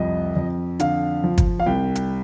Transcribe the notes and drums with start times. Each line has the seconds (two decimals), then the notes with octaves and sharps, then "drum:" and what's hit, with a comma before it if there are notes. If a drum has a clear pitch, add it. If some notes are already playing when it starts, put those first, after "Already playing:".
Already playing: C2 F2 D#5
0.36 F2
0.80 D3 F5, drum: hi-hat
1.24 F3
1.38 drum: kick G1, hi-hat
1.60 F5
1.66 C2 G5
1.95 drum: hi-hat